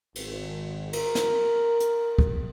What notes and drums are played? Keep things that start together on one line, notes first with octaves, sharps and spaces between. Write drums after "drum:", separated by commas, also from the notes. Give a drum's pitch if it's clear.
G#1, drum: cymbal
A#4, drum: cymbal
drum: snare
drum: hi-hat
drum: kick